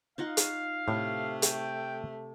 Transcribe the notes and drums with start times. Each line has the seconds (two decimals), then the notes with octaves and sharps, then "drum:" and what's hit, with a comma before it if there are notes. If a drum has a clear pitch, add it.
0.18 D#4 F4 F5 F#5
0.37 drum: hi-hat
0.88 A2 C3 A3
1.42 G5, drum: hi-hat